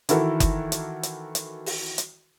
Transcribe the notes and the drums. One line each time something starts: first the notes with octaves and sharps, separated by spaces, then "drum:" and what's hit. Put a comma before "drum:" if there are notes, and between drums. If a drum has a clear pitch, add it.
D#3 E3 E4 F#4 A4 A#4, drum: hi-hat
drum: kick F#1, hi-hat
drum: hi-hat
drum: hi-hat
drum: hi-hat
drum: open hi-hat
drum: hi-hat